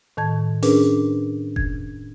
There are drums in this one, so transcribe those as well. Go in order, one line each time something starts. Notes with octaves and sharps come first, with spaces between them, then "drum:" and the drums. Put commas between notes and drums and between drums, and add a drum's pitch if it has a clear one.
A2 D#3 A5 G#6
C#4 D4 G#4 A#4 B4, drum: open hi-hat
G#6, drum: kick F1